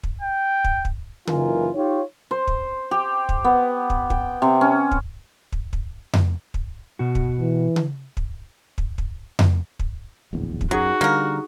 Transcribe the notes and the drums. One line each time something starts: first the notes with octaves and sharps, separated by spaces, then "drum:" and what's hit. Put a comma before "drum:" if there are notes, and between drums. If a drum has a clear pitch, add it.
drum: kick
G5
drum: kick
drum: kick
F#1 E3 D#4 F4 A#4 G#5, drum: tom C#3
D#4 F4 G4 C#5
C5
drum: kick
G4
drum: kick
B3
drum: kick
G5, drum: kick
C3
C#4
drum: kick
drum: kick
drum: kick
drum: tom F2
drum: kick
B2 F#4
drum: kick
E3
drum: tom C#3
drum: kick
drum: kick
drum: kick
drum: tom F2
drum: kick
D1 A#1 E2
drum: kick
F#2 F#3 D#4 F#4 G#4
D3 G3 A#3 A#4